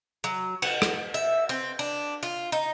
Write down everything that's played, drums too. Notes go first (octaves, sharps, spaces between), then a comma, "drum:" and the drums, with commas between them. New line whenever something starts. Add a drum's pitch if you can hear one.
F#3
F#5, drum: cymbal
drum: rim click
E5
C4
D4
F4
D#4